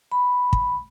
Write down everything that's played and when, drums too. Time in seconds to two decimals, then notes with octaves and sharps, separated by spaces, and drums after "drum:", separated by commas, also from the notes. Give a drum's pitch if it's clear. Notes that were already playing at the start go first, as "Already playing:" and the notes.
0.12 B5
0.53 drum: kick